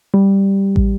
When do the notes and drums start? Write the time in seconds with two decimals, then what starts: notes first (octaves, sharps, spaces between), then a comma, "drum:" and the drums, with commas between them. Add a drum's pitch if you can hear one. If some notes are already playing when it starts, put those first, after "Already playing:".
0.14 G3
0.76 drum: kick